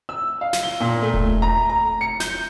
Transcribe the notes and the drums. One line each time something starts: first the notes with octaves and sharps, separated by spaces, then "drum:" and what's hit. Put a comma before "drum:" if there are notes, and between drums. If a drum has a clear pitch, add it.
E6
F5
drum: snare
G7
A#2
A3
drum: kick E1
A#5
A#5
C#7
G6, drum: snare